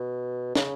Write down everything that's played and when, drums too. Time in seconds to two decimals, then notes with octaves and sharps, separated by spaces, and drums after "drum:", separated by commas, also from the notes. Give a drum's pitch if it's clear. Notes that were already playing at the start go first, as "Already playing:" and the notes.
Already playing: B2
0.55 C#3, drum: snare